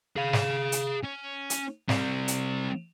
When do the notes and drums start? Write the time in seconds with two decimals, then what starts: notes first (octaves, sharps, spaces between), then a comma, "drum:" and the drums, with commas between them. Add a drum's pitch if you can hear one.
0.16 G#4 F5
0.33 drum: snare
0.72 drum: hi-hat
1.03 C#4
1.50 drum: hi-hat
1.89 G3 C4, drum: snare
2.28 drum: hi-hat